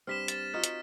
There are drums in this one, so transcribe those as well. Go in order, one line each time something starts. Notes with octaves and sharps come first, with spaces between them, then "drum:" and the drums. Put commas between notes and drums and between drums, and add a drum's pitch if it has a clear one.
G2 C4 F6 B6 E7
A6 E7, drum: hi-hat
D#4 F4 F#4 F6
drum: hi-hat